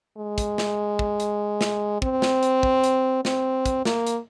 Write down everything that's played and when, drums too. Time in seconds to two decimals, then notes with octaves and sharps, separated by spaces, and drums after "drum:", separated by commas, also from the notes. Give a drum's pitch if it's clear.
0.17 G#3
0.38 drum: kick, hi-hat
0.58 drum: snare
0.99 drum: kick
1.20 drum: hi-hat
1.61 drum: snare
2.02 C4, drum: kick
2.22 drum: snare
2.43 drum: hi-hat
2.63 drum: kick
2.84 drum: hi-hat
3.25 C4, drum: snare
3.66 drum: kick, hi-hat
3.85 A#3, drum: snare
4.07 drum: hi-hat